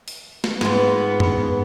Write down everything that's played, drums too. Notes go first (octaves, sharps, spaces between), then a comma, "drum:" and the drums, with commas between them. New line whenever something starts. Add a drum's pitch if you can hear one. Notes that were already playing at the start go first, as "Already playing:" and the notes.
drum: open hi-hat
drum: snare
G#2 B3 F4, drum: snare
drum: tom F#2